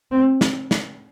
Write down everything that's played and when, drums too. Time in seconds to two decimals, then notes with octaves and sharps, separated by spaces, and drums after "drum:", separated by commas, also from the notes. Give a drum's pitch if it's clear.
0.11 C4
0.41 drum: snare
0.71 drum: snare